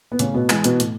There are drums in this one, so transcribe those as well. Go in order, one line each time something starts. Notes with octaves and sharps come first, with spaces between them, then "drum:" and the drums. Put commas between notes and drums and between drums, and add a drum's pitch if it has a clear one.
B3
A2 C#3 C#4, drum: hi-hat
B2 B3
E3 G#3, drum: clap
B2 B3, drum: hi-hat
A2, drum: hi-hat